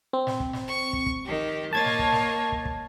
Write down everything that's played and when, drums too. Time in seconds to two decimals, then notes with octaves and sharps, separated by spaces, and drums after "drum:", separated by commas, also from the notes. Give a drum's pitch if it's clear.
0.13 C4
0.27 drum: snare
0.40 drum: kick
0.53 drum: snare
0.67 C#6
0.93 drum: kick
1.06 drum: kick
1.25 D#3 G4
1.73 A#3 C#5 D#5 A5 G#6 A6
1.86 drum: snare
1.99 drum: kick
2.12 drum: snare
2.52 drum: kick
2.65 drum: kick